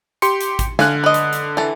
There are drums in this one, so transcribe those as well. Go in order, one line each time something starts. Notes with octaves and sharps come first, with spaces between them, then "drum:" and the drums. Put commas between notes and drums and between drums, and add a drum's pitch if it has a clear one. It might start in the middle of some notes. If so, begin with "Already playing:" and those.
G4 C6 C#7, drum: hi-hat
drum: hi-hat
drum: kick A1, hi-hat
D3 F5 G#5 F#6, drum: snare
B4 D#5
drum: hi-hat
drum: hi-hat
E3 A4